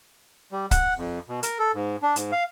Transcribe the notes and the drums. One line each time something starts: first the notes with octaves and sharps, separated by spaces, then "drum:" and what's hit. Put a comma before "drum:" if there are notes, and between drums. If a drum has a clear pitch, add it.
G3
F#5, drum: kick C#1, hi-hat
F2
B2
A#4, drum: hi-hat
A4
G#2
D4
G#2, drum: hi-hat
F5